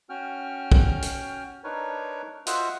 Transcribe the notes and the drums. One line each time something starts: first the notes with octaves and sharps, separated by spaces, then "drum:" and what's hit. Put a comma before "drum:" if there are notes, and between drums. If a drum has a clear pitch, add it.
C#4 F#4 G5 F6
drum: kick
drum: hi-hat
D4 D#4 A#4 B4 C#5
F4 F#4 C5 D#5 E5 F#5, drum: hi-hat